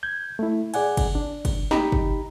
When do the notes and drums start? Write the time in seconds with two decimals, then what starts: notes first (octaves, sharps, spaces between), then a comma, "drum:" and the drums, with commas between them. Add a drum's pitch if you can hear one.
0.03 G6 G#6
0.39 A3 E4
0.74 G#4 D5 F#5 G#5, drum: cymbal
0.97 drum: kick, cymbal
1.15 D4
1.45 drum: kick, cymbal
1.71 D#4 G4 A#5 B5, drum: snare
1.92 drum: kick